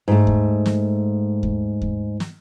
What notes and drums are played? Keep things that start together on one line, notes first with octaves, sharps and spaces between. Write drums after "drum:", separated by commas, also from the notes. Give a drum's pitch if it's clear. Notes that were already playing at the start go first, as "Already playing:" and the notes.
G#2 A3
drum: kick D#2
drum: snare
drum: kick D#2
drum: kick D#2
drum: snare